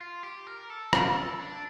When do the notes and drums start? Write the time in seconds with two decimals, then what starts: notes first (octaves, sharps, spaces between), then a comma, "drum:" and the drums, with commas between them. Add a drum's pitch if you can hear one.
0.01 F4
0.23 G4
0.47 A#4
0.70 A4
0.93 A#4, drum: rim click
1.16 A4
1.40 D4